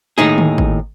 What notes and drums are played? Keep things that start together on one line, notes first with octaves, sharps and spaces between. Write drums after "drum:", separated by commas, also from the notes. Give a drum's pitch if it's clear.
D#2 A2 D#4 G#4
drum: tom D3
drum: kick G#1